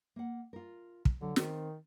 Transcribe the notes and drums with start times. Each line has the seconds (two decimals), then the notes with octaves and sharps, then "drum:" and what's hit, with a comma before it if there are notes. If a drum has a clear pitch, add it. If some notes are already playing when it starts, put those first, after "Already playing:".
0.16 A#3 F#5
0.53 F4 A#4
1.05 drum: kick
1.21 D3 F#3
1.36 D#3 C4, drum: snare